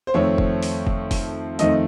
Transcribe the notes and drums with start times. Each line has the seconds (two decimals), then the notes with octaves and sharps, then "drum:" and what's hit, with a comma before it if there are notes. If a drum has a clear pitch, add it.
0.07 C5
0.14 F2 D#3 A3 C4 C#5
0.38 drum: kick
0.63 drum: open hi-hat
0.87 drum: kick
1.11 drum: kick, open hi-hat
1.59 F2 D#3 A3 D#5, drum: hi-hat